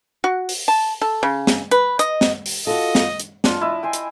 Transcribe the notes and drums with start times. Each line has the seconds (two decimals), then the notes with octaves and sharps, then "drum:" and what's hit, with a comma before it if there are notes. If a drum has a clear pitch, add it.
0.24 F#4
0.49 drum: open hi-hat
0.68 A5
1.01 A4
1.23 C#3
1.47 drum: snare
1.71 B4, drum: hi-hat
1.99 D#5, drum: hi-hat
2.21 drum: snare
2.46 drum: open hi-hat
2.67 F4 F#4 A4 D#5
2.95 drum: snare
3.20 drum: hi-hat
3.44 D4 F4 A5, drum: snare
3.61 E4 D#5
3.83 G5 G#5 C6
3.93 drum: hi-hat